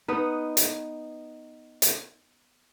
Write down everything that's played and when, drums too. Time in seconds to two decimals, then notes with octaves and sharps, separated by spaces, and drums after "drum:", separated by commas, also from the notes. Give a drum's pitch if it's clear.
0.08 B3 D#4 B4
0.57 drum: hi-hat
1.82 drum: hi-hat